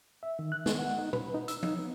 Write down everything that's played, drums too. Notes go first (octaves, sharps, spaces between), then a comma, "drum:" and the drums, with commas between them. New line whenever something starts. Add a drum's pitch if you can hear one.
E5
D#3
F#6
B3, drum: snare
F#5
D#4
B4, drum: tom A#2
D#4
E6, drum: hi-hat
D#4, drum: tom F3
B3